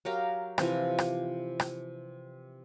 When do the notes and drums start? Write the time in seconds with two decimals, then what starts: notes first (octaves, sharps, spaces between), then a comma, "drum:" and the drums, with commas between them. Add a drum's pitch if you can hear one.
0.05 F#3 G4 A#4 F5
0.58 C3 E3 F3, drum: rim click
0.98 drum: rim click
1.60 drum: rim click